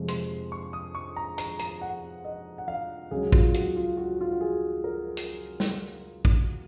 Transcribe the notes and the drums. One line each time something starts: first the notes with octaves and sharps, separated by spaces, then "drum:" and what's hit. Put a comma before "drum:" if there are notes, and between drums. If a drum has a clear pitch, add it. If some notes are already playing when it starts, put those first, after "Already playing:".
Already playing: F2 C3 F3 G#3
C6, drum: hi-hat
C#6
D#6
C#6
A#5
A#5, drum: hi-hat
A#5, drum: hi-hat
F#5
D#5
F#5
F5
C#2 C#3 F#3 G#4
F4, drum: kick
F#4, drum: hi-hat
F4
F#4
F4
F#4
G#4
A#4
drum: hi-hat
drum: snare
drum: kick